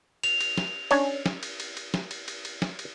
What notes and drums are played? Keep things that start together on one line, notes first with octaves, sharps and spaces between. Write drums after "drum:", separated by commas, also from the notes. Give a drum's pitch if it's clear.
F7, drum: cymbal
drum: cymbal
drum: snare
C#4 D4 C#5, drum: cymbal
drum: snare
drum: cymbal
drum: cymbal
drum: cymbal
drum: snare
drum: cymbal
drum: cymbal
drum: cymbal
drum: snare
drum: cymbal